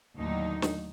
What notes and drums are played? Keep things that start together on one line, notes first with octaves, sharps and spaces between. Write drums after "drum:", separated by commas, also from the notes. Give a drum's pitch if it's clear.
D#2 A2 D3 F#3 D#4
drum: snare